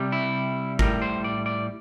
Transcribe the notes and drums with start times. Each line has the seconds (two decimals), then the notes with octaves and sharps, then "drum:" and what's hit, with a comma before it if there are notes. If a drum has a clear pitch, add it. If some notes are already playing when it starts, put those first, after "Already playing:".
Already playing: C3 G3
0.12 E4
0.79 A2 G3 A#4, drum: kick G1
1.02 C5
1.24 D5
1.46 D5